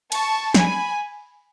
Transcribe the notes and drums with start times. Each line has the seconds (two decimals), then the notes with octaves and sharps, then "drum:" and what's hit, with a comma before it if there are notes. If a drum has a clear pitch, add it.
0.12 A5 C#6, drum: cymbal
0.54 G#5 B5, drum: snare